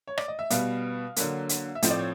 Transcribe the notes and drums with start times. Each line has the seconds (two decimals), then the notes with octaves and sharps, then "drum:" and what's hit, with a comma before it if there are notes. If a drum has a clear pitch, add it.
0.07 C#5
0.18 D5, drum: rim click
0.28 D#5
0.39 E5
0.50 B2 G3 B3 F5, drum: hi-hat
1.16 D3 F#3 A#3, drum: hi-hat
1.49 drum: hi-hat
1.75 E5
1.82 A2 F3 A3 C4 D#5, drum: hi-hat
1.91 D5
1.99 C#5